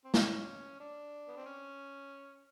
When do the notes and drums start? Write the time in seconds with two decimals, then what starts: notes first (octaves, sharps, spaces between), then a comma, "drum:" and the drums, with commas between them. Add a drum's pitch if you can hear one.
0.05 C4
0.14 C#4, drum: snare
0.80 D4
1.28 B3
1.37 C4
1.46 C#4